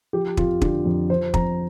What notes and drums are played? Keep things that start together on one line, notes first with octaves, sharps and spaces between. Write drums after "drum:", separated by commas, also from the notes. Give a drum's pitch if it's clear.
F3 G4
F2 F4, drum: kick
D3 G4, drum: kick
F2
F3 C5
F2 A#5, drum: kick